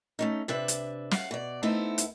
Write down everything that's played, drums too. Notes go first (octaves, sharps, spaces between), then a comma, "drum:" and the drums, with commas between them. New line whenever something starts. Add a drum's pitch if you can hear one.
A3 C#4 D#4
C3 D4 B4 E5
drum: hi-hat
F5 F#5, drum: snare
B2 D5
A3 B3 C4 D#4 E4
drum: hi-hat